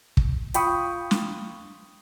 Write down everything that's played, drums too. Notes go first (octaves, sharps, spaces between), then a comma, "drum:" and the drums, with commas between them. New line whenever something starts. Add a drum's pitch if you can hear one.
drum: kick
F4 G5 B5 C#6 D#6, drum: hi-hat
drum: snare